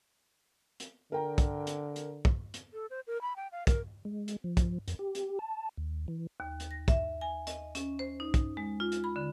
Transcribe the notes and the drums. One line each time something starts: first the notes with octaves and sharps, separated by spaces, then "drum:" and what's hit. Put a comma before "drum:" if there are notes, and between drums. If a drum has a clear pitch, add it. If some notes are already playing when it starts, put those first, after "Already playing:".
drum: hi-hat
D3 A#4 G5 A#5
drum: kick, hi-hat
drum: hi-hat
drum: hi-hat
drum: kick
drum: hi-hat
A4
C5
A#4
B5
G5
F5
A#4, drum: kick, hi-hat
G#3
drum: hi-hat
F3
drum: kick, hi-hat
F2, drum: hi-hat
G4
drum: hi-hat
A5
D#2
E3
D#2
drum: hi-hat
A#6
E5, drum: kick, hi-hat
G#5
D#5, drum: hi-hat
C#4, drum: hi-hat
C5
D#4
drum: kick, hi-hat
G#3
F4
drum: hi-hat
B5
D3